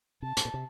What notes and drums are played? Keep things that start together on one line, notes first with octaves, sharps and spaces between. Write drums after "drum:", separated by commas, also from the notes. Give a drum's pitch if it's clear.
C3 A5
A2, drum: hi-hat
A#2
C3